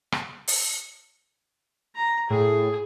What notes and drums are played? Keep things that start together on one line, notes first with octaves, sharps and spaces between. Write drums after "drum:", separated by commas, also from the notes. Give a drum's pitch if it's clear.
drum: rim click
drum: open hi-hat
A#5
A2 G#4